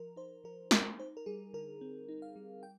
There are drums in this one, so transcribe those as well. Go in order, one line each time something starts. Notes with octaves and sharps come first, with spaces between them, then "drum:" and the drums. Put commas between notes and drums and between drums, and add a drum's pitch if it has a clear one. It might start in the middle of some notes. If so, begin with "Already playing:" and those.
Already playing: F3 A#4
D#4 C5
F3 A#4
C4 A#4, drum: snare
D#4 C5
A#4
G3 G#4
D3 A#4
C4
D#4
F5
G3
G5